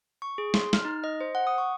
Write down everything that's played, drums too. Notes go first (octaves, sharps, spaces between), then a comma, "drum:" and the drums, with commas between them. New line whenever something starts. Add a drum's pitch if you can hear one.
C#6
G#4
C6, drum: snare
F6, drum: snare
D#4
D#5
C5
F#5
D#6
C#6